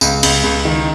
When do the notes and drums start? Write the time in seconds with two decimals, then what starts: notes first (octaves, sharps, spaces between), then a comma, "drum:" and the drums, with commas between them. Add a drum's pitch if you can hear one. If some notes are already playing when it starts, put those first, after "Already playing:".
0.01 C#2, drum: tambourine
0.23 C#2, drum: cymbal
0.44 C#2
0.65 D#3